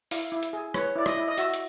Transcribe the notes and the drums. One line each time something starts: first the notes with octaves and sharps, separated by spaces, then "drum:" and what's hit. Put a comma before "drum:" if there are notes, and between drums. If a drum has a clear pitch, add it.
E4 F5, drum: open hi-hat
E4
drum: hi-hat
G#4
B4 C#5, drum: rim click
E4 D5
D#5, drum: rim click
E4
D#5
F#4 E5, drum: hi-hat
drum: hi-hat